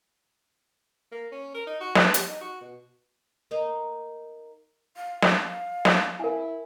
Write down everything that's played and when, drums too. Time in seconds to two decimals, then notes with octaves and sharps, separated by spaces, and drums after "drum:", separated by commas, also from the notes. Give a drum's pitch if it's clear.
1.12 A#3
1.32 C#4
1.55 A#4
1.67 D#4
1.81 F#4
1.95 B4, drum: snare
2.14 G3, drum: hi-hat
2.28 D#4
2.41 F#4
2.61 B2
3.51 A#3 D#4
4.96 F5
5.22 drum: snare
5.85 drum: snare
6.20 E4 A#4 G#5